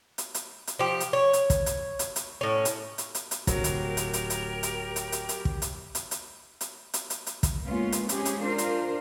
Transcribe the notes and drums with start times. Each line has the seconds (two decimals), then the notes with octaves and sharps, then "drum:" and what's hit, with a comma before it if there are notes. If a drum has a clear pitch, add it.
0.18 drum: hi-hat
0.34 drum: hi-hat
0.67 drum: hi-hat
0.79 F3 G4
1.00 drum: hi-hat
1.13 C#5
1.33 drum: hi-hat
1.50 drum: kick, hi-hat
1.66 drum: hi-hat
1.99 drum: hi-hat
2.16 drum: hi-hat
2.41 A2 C#4
2.65 drum: hi-hat
2.98 drum: hi-hat
3.15 drum: hi-hat
3.31 drum: hi-hat
3.47 D1 F#3 G4 A#4, drum: kick, hi-hat
3.64 drum: hi-hat
3.97 drum: hi-hat
4.13 drum: hi-hat
4.30 drum: hi-hat
4.63 drum: hi-hat
4.96 drum: hi-hat
5.12 drum: hi-hat
5.29 drum: hi-hat
5.45 drum: kick
5.62 drum: hi-hat
5.95 drum: hi-hat
6.11 drum: hi-hat
6.61 drum: hi-hat
6.94 drum: hi-hat
7.10 drum: hi-hat
7.26 drum: hi-hat
7.43 drum: kick, hi-hat
7.66 G#3 A#3 B3 C#4 F4
7.92 drum: hi-hat
8.09 G#3 C4 C#4 G4 G#4, drum: hi-hat
8.25 drum: hi-hat
8.42 D4 F4 A#4 C5
8.58 drum: hi-hat